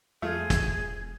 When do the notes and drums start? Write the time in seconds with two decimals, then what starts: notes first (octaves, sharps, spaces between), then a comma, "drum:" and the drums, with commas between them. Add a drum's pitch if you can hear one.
0.22 F2 A3 F4 G#4
0.50 E1, drum: kick, hi-hat